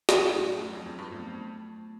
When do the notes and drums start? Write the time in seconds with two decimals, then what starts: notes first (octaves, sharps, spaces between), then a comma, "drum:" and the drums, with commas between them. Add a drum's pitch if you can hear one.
0.09 B2 F#3, drum: snare
0.34 A2 A3 C#4
0.60 F#2 F#3
0.73 F2
0.86 F2 B3 D4 F4
0.99 G2
1.11 F2 A3